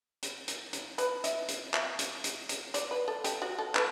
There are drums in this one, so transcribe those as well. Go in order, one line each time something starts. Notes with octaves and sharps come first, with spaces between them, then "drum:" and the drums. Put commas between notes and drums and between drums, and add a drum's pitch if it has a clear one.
drum: hi-hat
drum: hi-hat
drum: hi-hat
B4, drum: hi-hat
E5, drum: hi-hat
drum: hi-hat
E5, drum: clap
drum: hi-hat
drum: hi-hat
drum: hi-hat
D5, drum: hi-hat
B4
A4
G4, drum: hi-hat
F#4
A4
B4, drum: clap